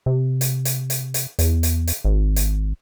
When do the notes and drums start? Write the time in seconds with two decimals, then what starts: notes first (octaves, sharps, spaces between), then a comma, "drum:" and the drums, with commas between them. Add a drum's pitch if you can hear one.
0.06 C3
0.41 drum: hi-hat
0.65 drum: hi-hat
0.90 drum: hi-hat
1.14 drum: hi-hat
1.39 E2, drum: hi-hat
1.63 drum: hi-hat
1.87 drum: hi-hat
2.05 G#1
2.36 drum: hi-hat